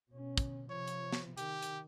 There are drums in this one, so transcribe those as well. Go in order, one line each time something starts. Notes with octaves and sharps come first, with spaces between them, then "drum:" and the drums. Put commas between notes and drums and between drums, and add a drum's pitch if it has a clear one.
B2 C#4
drum: kick, hi-hat
C3 F3 C#5
drum: hi-hat
drum: snare
D#3 G4, drum: hi-hat
drum: hi-hat